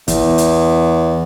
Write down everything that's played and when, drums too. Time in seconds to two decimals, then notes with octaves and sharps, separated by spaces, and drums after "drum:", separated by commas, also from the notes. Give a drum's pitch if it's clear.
0.08 E2, drum: kick, hi-hat
0.38 drum: hi-hat